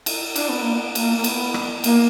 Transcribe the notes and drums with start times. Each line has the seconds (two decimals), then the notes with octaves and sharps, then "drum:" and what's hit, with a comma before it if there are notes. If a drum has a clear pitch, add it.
0.06 drum: cymbal
0.36 D4, drum: cymbal
0.49 B3
0.62 A#3
0.75 B3
0.95 A#3, drum: cymbal
1.17 A#3
1.24 B3, drum: cymbal
1.54 drum: rim click
1.84 A#3, drum: cymbal